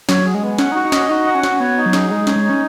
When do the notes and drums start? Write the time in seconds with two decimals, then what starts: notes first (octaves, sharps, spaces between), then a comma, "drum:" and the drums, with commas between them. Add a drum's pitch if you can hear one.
0.09 F#3 C#5, drum: snare
0.26 G#4
0.34 G#3
0.42 B3
0.59 C#4 F#5, drum: snare
0.72 D#4 F#4
0.85 D#4
0.92 C#4 D#5, drum: snare
1.09 D#4 F#4
1.26 F#5
1.35 C#4
1.43 F#4, drum: snare
1.60 B3 C#5
1.77 D#4
1.86 F#3
1.93 G#4, drum: snare
2.10 G#3 D#4
2.27 C#5, drum: snare
2.36 G#3
2.44 C#4 D#4